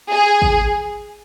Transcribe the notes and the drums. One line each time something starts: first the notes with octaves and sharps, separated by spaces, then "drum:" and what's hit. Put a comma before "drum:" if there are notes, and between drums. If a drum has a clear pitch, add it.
G#4
drum: kick